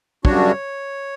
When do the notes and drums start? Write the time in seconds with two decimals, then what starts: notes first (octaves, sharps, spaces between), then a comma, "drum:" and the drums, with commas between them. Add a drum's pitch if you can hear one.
0.25 F#2 C#3 G3 D4 F#4 C#5, drum: kick